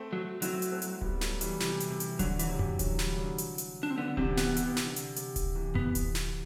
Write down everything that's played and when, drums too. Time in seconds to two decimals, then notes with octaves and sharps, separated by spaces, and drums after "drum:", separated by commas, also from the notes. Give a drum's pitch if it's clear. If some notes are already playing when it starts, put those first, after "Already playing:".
Already playing: A3 C4
0.13 F#3
0.42 F#3 C4 E4, drum: hi-hat
0.62 drum: hi-hat
0.72 A3 C4
0.82 drum: hi-hat
1.01 G3 B3, drum: kick D1
1.21 F#3 A3, drum: snare
1.41 E3 G3, drum: hi-hat
1.60 C3 E3, drum: snare
1.80 drum: hi-hat
1.90 C3
2.00 drum: hi-hat
2.19 D3 F#3, drum: kick D1, hi-hat
2.39 E3, drum: hi-hat
2.43 F#3
2.49 C3 E3
2.59 drum: tom F2
2.79 D3 F#3, drum: kick D1, hi-hat
2.99 E3 G3, drum: snare
3.14 G3
3.18 D3 F#3
3.38 drum: hi-hat
3.58 drum: hi-hat
3.83 D4
3.90 C4
3.98 D3 B3
4.17 C3 E3 C4, drum: kick D1
4.37 B3, drum: snare
4.57 C3, drum: hi-hat
4.77 drum: snare
4.86 D3
4.96 drum: hi-hat
5.16 C3, drum: hi-hat
5.36 drum: kick D1, hi-hat
5.55 C3 E3
5.75 B3, drum: tom F2
5.95 drum: kick D1, hi-hat
6.15 drum: snare